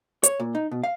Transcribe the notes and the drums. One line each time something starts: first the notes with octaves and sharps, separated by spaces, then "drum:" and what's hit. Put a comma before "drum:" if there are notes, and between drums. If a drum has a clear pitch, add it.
C#5, drum: hi-hat
A#2
D#4
B2
F5